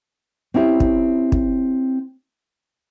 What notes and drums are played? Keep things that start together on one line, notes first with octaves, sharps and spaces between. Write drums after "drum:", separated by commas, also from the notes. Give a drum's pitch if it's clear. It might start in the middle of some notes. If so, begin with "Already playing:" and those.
C4 C#4 E4 G4
drum: kick
drum: kick